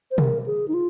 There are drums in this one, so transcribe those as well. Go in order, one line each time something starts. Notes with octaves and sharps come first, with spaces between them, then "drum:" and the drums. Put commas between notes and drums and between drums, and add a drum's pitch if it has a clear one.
C5
A#4, drum: tom B2
G#4
D#4
F4